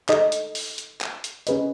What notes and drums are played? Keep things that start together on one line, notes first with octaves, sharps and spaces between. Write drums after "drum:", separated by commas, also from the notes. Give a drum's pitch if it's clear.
D#4 A4 D#5, drum: clap
drum: hi-hat
drum: open hi-hat
drum: hi-hat
drum: clap
drum: hi-hat
C#4 G#4 B4 D#5, drum: hi-hat